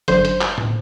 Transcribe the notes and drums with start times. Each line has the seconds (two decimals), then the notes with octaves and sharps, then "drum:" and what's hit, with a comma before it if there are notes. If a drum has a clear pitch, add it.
0.08 G1 F#2 D3 C5, drum: hi-hat
0.25 drum: hi-hat
0.41 drum: clap
0.58 drum: tom A2